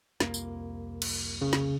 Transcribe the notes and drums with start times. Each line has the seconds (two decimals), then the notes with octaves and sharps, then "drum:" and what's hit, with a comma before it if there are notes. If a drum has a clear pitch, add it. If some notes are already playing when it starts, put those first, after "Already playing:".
0.20 C2 F2 A#3, drum: snare
0.34 drum: tambourine
1.02 drum: cymbal
1.41 C#3
1.53 drum: snare